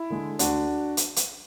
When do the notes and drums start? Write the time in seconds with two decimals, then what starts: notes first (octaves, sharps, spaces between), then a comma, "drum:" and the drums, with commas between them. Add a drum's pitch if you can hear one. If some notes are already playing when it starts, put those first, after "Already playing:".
Already playing: E4
0.10 D3 G#3
0.39 D2 D4 F#4, drum: hi-hat
0.97 drum: hi-hat
1.16 drum: hi-hat